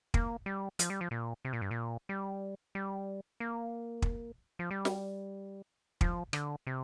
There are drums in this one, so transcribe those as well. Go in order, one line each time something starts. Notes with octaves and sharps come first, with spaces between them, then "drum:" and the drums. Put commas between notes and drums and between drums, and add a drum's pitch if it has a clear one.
A#3, drum: kick
G3
F3, drum: hi-hat
G3
F3
A#2
C3
A#2
G2
A#2
G3
G3
A#3
drum: kick
F3
G3
drum: snare
F3, drum: kick
D3, drum: rim click
C3